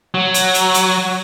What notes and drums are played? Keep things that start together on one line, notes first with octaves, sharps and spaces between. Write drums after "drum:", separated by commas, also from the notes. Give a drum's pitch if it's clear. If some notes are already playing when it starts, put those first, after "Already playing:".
F#3
drum: hi-hat
drum: hi-hat
drum: hi-hat